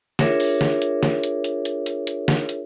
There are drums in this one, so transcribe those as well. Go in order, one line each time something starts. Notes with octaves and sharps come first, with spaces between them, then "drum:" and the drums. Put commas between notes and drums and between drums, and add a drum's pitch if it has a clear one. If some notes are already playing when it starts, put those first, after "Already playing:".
D4 F4 G#4 A#4 C#5 E5, drum: snare
drum: open hi-hat
drum: snare
drum: hi-hat
drum: snare
drum: hi-hat
drum: hi-hat
drum: hi-hat
drum: hi-hat
drum: hi-hat
drum: snare
drum: hi-hat